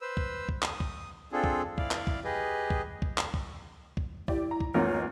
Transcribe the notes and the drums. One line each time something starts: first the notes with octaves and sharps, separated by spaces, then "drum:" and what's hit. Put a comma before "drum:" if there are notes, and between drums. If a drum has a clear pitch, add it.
B4 C5 E6
drum: kick
drum: kick
D#6, drum: clap
drum: kick
C4 D4 F4 G#4 A4
drum: kick
E4 D5 F5, drum: kick
drum: clap
drum: kick
G4 G#4 B4 D#5
drum: kick
drum: kick
drum: clap
drum: kick
drum: kick
E4 G4 D5, drum: kick
A#5
drum: kick
G#1 E2 A#3 D#4 F4 A#4 C#5